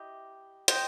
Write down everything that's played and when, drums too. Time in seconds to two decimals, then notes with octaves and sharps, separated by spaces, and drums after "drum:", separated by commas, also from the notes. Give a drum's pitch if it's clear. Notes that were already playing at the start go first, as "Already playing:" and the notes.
Already playing: E4 G4 D#5
0.68 C5 D#5 G5, drum: hi-hat